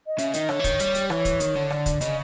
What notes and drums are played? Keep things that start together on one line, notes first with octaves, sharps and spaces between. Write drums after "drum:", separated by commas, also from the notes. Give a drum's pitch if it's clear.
D#5
C#3 E5, drum: hi-hat
D#3 D#5, drum: hi-hat
D3 C#5, drum: rim click
E3
D#3, drum: kick, hi-hat
G3, drum: hi-hat
drum: hi-hat
E3 C#5, drum: rim click
drum: kick, hi-hat
D#3, drum: hi-hat
D3
D5, drum: rim click
drum: kick, hi-hat
C#3 D#5, drum: hi-hat